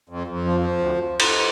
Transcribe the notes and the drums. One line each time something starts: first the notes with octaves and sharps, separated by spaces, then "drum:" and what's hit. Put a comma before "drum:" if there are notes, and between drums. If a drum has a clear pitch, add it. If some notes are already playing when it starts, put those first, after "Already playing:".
F2
F2
F3
F3
D2
drum: cymbal